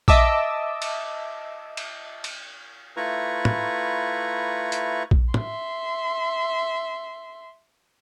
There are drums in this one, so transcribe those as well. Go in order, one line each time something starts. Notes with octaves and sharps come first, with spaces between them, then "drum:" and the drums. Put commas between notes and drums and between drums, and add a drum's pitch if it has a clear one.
D#5 E5 A5 D6 E6, drum: kick A#1
drum: cymbal
drum: cymbal
drum: cymbal
A3 E4 F4 B4 A#5 C#6
drum: tom
drum: hi-hat
drum: kick A#1
E5 C6, drum: tom